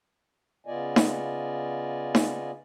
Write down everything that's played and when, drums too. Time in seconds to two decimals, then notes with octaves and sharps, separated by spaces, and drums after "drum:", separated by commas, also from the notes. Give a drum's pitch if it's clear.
0.67 C#3 B3 F4 D5 D#5 G#5
0.96 drum: snare D#4
2.15 drum: snare D#4